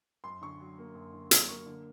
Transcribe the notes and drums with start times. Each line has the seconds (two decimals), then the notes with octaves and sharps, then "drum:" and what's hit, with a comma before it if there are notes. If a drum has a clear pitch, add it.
0.24 F#2 C6
0.42 D3 C#6
0.60 F#3
0.78 A#3
0.95 F#2
1.14 D3
1.31 F#3 C6, drum: hi-hat
1.49 A#3 C#6
1.66 D3